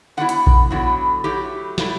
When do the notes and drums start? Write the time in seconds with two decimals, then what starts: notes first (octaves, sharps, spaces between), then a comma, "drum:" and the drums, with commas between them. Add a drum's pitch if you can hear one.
0.17 D3 F#3 B3 E4 F#5
0.29 drum: hi-hat
0.47 drum: kick A#1
0.70 D3 F#3 B3 E4
1.24 F#3 A3 E4 G4
1.78 F#3 A3 E4, drum: snare